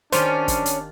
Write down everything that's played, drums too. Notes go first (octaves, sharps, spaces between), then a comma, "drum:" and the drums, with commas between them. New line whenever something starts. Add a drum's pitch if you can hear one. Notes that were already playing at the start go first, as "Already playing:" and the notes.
D#3 C#4 D4 F4 G4 C5, drum: hi-hat
drum: kick, hi-hat
drum: hi-hat